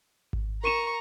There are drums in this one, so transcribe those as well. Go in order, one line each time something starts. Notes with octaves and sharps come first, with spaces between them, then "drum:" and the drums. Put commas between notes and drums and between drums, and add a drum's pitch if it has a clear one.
drum: kick G#1
A#4 A#5 C#6 D#7 E7